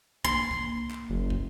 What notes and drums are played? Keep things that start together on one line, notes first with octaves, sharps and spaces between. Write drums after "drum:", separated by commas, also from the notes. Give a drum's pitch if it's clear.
A#3 C6, drum: kick
drum: kick
drum: clap
F#1
drum: kick